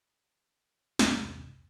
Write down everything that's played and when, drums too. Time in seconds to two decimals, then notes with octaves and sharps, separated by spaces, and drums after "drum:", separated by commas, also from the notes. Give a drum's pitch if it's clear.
0.99 B1 E2 G2 C3, drum: snare